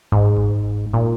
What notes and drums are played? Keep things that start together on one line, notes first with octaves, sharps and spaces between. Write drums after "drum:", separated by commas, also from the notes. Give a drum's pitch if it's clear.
G#2, drum: kick G1
drum: kick G1
A#2